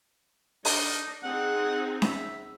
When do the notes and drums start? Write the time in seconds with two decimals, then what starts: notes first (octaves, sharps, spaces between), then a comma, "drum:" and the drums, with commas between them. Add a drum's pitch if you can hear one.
0.65 D4 D#4, drum: open hi-hat
1.23 C4 D#4 G#4 F#5
2.02 E5, drum: snare C#4